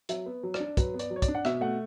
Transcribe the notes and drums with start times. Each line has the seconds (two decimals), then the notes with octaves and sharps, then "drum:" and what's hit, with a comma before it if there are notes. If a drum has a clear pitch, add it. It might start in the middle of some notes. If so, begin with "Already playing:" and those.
0.09 F#3 E5, drum: hi-hat
0.26 B3
0.43 F#3
0.54 D5, drum: rim click
0.60 D4
0.77 F#3 B4, drum: kick, hi-hat
0.94 B3
0.99 D5, drum: hi-hat
1.10 F#3
1.16 C#5
1.22 D5, drum: kick, hi-hat
1.28 D4
1.35 F#5
1.45 B2 E5, drum: rim click
1.61 A3 F#5